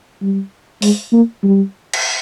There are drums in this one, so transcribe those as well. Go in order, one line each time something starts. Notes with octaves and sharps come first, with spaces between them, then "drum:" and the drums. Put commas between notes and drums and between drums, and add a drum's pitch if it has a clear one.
G3
G#3, drum: open hi-hat
A#3
G3
drum: cymbal